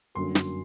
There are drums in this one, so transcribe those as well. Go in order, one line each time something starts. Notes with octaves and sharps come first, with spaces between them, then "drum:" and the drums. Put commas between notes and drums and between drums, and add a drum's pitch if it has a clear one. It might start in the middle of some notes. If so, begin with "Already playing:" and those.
G1 F#2 D3 F#3 A#3 C6
drum: snare